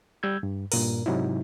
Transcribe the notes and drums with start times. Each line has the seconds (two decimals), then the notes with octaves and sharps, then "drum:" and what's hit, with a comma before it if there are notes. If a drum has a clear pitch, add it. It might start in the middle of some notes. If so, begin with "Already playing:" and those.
0.23 G3 E6 G6 G#6
0.43 G2
0.72 G2 A#2 A#4, drum: open hi-hat
1.06 G#2 C3 F#3 D#4 E4